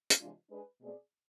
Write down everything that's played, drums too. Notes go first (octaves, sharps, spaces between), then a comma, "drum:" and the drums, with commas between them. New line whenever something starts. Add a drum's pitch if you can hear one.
drum: hi-hat
C3 E3 G#3 D4 F4
G#3 D4 G#4 B4
B2 A3 C4 G#4 D5